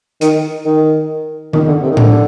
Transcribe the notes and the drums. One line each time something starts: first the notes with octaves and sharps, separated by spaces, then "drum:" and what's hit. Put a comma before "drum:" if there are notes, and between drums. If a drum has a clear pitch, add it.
D#3, drum: hi-hat
D#3
D#3, drum: tom D3
D3
C3
D#3
D3, drum: tom A2